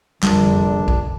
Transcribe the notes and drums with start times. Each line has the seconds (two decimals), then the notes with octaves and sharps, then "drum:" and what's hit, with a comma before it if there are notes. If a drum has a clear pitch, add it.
0.23 F1 A#1 F2 D3 G3 D4, drum: clap
0.88 drum: kick